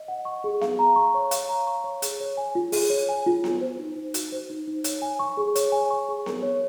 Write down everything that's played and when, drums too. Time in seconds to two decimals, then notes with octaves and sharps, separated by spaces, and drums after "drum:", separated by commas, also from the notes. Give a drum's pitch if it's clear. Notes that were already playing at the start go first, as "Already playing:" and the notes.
Already playing: D#5
0.08 F#5
0.25 C#6
0.44 G#4
0.61 F5, drum: snare B3
0.79 A#5
0.96 C#6
1.14 C#5
1.31 F5, drum: hi-hat
1.49 A#5
1.67 C#6
1.84 C#5
2.02 G#4, drum: hi-hat
2.21 C#5
2.37 G#5
2.55 F4
2.72 G#4, drum: open hi-hat
2.90 C#5
3.09 G#5
3.26 F4
3.44 F#4, drum: snare B3
3.61 C5
3.79 D#4
3.96 D#4
4.14 F#4, drum: hi-hat
4.32 C5
4.50 D#4
4.67 D#4
4.84 C#5, drum: hi-hat
5.02 G#5
5.19 C#6
5.37 G#4
5.55 C#5, drum: hi-hat
5.72 G#5
5.91 C#6
6.09 G#4
6.26 A#4, drum: snare B3
6.43 C#5